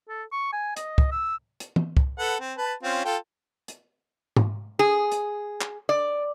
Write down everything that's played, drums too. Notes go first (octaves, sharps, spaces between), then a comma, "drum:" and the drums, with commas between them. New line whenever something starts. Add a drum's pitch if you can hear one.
A4
C#6
G#5
D#5, drum: hi-hat
drum: kick
E6
drum: hi-hat
drum: tom
drum: kick
A4 B4 F#5
C4
B4 A5
C4 C#4 F4
F4 A4 G5
drum: hi-hat
drum: tom G#2
G#4
drum: hi-hat
drum: clap
D5